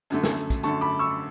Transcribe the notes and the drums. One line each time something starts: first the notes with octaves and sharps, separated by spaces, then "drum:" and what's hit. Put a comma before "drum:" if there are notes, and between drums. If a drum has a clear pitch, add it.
F#2 D3 A3, drum: hi-hat
drum: snare
drum: hi-hat
drum: kick, hi-hat
F#2 D3 A3 A5 C#6, drum: hi-hat
B5 D6
C#6 E6